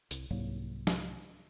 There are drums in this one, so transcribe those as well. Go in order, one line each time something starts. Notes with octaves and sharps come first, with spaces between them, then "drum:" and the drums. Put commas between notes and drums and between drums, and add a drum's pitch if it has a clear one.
C2, drum: hi-hat
C2 G#2 F#3 A#3
drum: snare